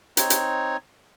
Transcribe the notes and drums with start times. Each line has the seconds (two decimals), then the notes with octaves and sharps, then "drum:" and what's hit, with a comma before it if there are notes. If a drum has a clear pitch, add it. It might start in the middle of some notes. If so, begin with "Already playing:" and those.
0.17 C4 D#4 C#5, drum: hi-hat
0.30 drum: hi-hat